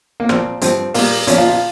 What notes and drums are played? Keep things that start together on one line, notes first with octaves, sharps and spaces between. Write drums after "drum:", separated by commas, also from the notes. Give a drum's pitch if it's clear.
A#3
A#2 F3 C4, drum: rim click
G2 F3 C4, drum: hi-hat
A#2 G3 A#3, drum: open hi-hat
A#2 F3 C#4, drum: hi-hat
F4
F4